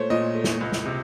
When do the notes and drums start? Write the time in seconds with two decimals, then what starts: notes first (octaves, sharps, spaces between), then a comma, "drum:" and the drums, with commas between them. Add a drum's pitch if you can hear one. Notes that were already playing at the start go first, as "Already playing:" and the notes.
Already playing: A#2 A3 C5 C#5
0.10 A#2 D#5
0.35 A3
0.44 drum: snare
0.61 C#2
0.72 drum: snare
0.86 C3